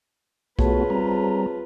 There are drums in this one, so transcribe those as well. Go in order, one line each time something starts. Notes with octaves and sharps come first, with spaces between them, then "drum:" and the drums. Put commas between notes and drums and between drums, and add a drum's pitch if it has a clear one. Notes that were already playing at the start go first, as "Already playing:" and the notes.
A3 B3 F4 F#4 G#4 B4 C#5 A5, drum: kick B1
G3 C4 A#5